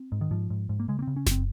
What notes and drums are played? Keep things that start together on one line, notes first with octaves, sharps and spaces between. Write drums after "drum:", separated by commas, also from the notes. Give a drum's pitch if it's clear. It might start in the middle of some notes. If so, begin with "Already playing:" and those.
Already playing: C4
G#2
D#3
G#2 F3
G#2
G#2
A#3
C#3 G#3
A#3
C#3 C4
C#4
F#2 C4, drum: snare F1